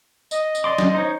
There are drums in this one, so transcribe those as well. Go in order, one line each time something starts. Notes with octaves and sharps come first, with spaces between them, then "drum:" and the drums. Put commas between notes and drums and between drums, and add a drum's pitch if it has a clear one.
D#5, drum: tambourine
drum: tambourine
D5 C6 D6
drum: snare
D#4 C5 C#5